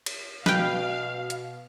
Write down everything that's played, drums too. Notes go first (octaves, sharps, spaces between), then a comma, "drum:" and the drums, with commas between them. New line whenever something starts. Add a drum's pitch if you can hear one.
drum: cymbal
B2 B4 F5 G5, drum: snare
drum: hi-hat